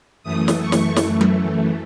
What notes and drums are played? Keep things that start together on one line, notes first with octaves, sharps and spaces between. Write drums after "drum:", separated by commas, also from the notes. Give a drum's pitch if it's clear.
F#2 E3 A3 D#6
drum: snare
C#6
drum: snare
drum: snare
drum: tom F#3